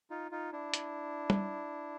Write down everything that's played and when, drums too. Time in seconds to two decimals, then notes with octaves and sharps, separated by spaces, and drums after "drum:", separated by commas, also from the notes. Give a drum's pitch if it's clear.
0.10 D#4 F4
0.31 D#4 F4
0.52 D4 E4
0.74 drum: hi-hat
1.30 drum: tom